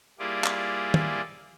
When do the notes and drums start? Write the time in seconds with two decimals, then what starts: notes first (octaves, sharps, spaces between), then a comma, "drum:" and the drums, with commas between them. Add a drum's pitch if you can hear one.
0.19 G3 A#3 E4 F4 G#4 D5
0.44 drum: clap
0.94 drum: tom